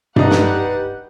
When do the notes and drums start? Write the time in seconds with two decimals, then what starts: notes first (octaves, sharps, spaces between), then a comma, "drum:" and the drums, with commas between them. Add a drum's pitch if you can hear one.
0.16 D4 D#4 G4 B4 F#5, drum: tom G2
0.31 drum: snare